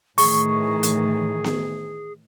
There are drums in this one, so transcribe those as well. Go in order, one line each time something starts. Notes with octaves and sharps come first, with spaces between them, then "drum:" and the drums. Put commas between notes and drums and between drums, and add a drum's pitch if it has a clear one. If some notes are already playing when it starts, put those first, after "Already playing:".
A2 D#3 E3 G#4 C#6, drum: open hi-hat
drum: hi-hat
drum: snare B3